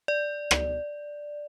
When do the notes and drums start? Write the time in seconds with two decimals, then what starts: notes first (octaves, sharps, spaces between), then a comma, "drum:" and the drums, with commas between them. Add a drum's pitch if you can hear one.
0.08 D5
0.51 drum: rim click